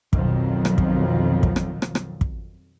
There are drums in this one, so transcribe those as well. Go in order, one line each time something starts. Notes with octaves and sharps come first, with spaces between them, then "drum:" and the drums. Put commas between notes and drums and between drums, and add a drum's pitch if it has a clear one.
B1 F2 B2 D#3 F3 F#3, drum: kick
drum: rim click
drum: kick
drum: kick
drum: rim click
drum: rim click
drum: rim click
drum: kick